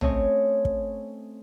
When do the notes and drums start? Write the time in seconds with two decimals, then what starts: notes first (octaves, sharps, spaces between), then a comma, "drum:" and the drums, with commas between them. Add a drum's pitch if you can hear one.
0.01 A3 C4 C#4 C#5 D#5 G#5, drum: tom A#1
0.65 drum: kick